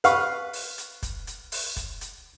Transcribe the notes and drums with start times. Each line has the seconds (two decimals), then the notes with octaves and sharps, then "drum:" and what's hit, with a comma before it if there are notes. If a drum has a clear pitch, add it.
0.04 B4 F5 C#6, drum: hi-hat
0.53 drum: open hi-hat
0.78 drum: hi-hat
1.03 drum: kick, hi-hat
1.27 drum: hi-hat
1.52 drum: open hi-hat
1.77 drum: kick, hi-hat
2.01 drum: hi-hat